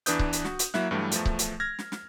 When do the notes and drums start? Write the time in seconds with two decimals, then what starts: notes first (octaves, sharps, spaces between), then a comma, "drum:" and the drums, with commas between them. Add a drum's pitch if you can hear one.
0.06 E2 E3 D4 B4 D#6 G6, drum: hi-hat
0.19 drum: kick C#1
0.33 drum: hi-hat
0.45 F#4, drum: snare
0.59 drum: hi-hat
0.74 F#3 A#3 E4 E5 F#6, drum: snare
0.91 G2 E3 F#3 G3 A3
1.12 E2 F3 A3, drum: hi-hat
1.25 drum: kick C#1
1.39 drum: hi-hat
1.60 F6 G#6 A#6
1.79 drum: snare
1.92 drum: snare